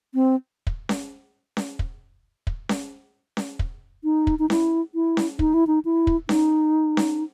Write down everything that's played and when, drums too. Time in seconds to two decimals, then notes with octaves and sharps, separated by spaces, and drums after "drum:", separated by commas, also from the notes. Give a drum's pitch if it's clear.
0.14 C4
0.67 drum: kick
0.89 drum: snare C#4
1.57 drum: snare C#4
1.79 drum: kick
2.47 drum: kick
2.69 drum: snare C#4
3.37 drum: snare C#4
3.59 drum: kick
4.04 D#4
4.27 drum: kick
4.39 D#4
4.50 E4, drum: snare C#4
4.95 E4
5.17 drum: snare C#4
5.39 D#4, drum: kick
5.54 E4
5.67 D#4
5.85 E4
6.07 drum: kick
6.29 D#4, drum: snare C#4
6.97 drum: snare C#4